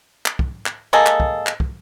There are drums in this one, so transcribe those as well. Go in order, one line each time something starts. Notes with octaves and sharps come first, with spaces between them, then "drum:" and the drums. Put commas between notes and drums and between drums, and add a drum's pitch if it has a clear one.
drum: clap
drum: kick
drum: clap
G#3 A#3 G#4 A4
drum: clap
drum: kick
drum: clap
drum: kick